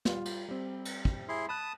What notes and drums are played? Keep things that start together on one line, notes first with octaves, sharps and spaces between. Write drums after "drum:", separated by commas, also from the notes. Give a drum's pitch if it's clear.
G3 F4, drum: snare
drum: cymbal
G3 C4
drum: cymbal
drum: kick
E4 G#4 C6
A5 B5 D#6 F#6